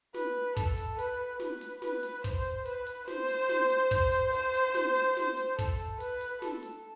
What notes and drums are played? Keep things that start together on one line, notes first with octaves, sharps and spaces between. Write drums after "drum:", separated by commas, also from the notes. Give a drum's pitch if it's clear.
B4, drum: snare
A4, drum: kick, open hi-hat
drum: hi-hat
B4, drum: hi-hat
B4, drum: snare
drum: hi-hat
B4, drum: snare
drum: hi-hat
C5, drum: kick, open hi-hat
B4, drum: hi-hat
drum: hi-hat
C5, drum: snare
drum: hi-hat
drum: snare
drum: hi-hat
drum: kick, open hi-hat
drum: hi-hat
C5, drum: hi-hat
drum: hi-hat
drum: snare
drum: hi-hat
C5, drum: snare
drum: hi-hat
A4, drum: kick, open hi-hat
B4, drum: hi-hat
drum: hi-hat
A4, drum: snare
drum: hi-hat